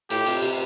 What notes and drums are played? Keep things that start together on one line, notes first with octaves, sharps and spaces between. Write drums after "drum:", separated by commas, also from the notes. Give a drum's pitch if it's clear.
A2 G4, drum: cymbal
C3, drum: cymbal
C3, drum: cymbal